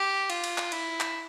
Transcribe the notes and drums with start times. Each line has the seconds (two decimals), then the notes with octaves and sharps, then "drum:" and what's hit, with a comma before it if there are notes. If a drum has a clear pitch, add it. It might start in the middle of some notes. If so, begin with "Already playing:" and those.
Already playing: G4
0.30 F4, drum: cymbal
0.44 drum: cymbal
0.58 drum: clap
0.72 E4, drum: cymbal
1.00 drum: clap